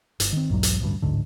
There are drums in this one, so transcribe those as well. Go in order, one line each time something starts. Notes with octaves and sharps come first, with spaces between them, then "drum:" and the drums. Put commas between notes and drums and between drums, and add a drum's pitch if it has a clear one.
G1, drum: hi-hat
D#3 C4
B1 E2 G#2 F#3
drum: hi-hat
A1 D2 G2
A1 D2 G#2 D3